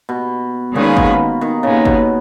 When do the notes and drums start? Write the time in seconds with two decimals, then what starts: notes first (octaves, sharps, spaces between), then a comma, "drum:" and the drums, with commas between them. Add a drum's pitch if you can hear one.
0.09 B2
0.75 A#2 D#3 G#3 C#4 G#4 B4
0.97 B2, drum: kick G1
1.41 D#3
1.63 A#2 C#3 G#3 B3
1.85 B2, drum: kick G1